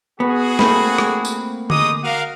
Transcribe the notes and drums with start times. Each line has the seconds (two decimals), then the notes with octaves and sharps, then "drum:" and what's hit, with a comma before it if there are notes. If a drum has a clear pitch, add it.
0.20 B3 F#4 G#4
0.59 A3 A#3 C4 B5, drum: snare
0.98 drum: rim click
1.25 drum: tambourine
1.70 G#3 D#4 D6 D#6, drum: tom D3
2.03 F#4 A#4 F5